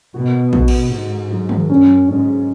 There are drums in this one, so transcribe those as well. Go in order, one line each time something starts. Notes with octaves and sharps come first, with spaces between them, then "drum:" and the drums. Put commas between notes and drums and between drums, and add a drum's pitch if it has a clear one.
B2 F#4
F#4, drum: kick A#1
drum: cymbal
G#2 F#4
F#3
drum: tom D#3
F#2 C#4
G#2 C#4